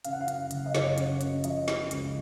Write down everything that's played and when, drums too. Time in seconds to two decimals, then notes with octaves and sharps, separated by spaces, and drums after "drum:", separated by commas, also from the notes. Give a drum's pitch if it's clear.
0.05 C#3 F5, drum: hi-hat
0.13 F#5
0.21 F5
0.28 F#2, drum: hi-hat
0.51 F#1, drum: hi-hat
0.66 D#5
0.75 F#1 C#5, drum: snare
0.98 C#3, drum: hi-hat
1.21 F#2, drum: hi-hat
1.44 F3 D#5, drum: hi-hat
1.68 C#3, drum: snare
1.91 C#2, drum: hi-hat